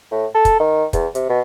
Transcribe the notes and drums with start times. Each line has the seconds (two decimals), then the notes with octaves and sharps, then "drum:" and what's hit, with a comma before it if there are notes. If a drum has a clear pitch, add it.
0.11 A2
0.35 A4
0.45 drum: kick, hi-hat
0.60 D#3
0.93 E2, drum: kick, hi-hat
1.15 C3, drum: hi-hat
1.30 B2